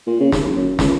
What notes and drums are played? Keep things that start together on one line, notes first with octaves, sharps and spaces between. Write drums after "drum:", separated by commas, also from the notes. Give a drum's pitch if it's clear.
A#2
C#3
D#2, drum: snare
F#1
F#2
C#2, drum: snare